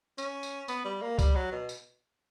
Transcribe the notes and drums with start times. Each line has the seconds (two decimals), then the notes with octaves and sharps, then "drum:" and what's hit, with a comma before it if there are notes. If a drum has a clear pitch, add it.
0.18 C#4, drum: tambourine
0.43 drum: tambourine
0.68 B3, drum: tambourine
0.85 G3
1.02 A#3
1.19 G3, drum: kick C#2, tambourine
1.35 F#3
1.52 B2
1.69 drum: tambourine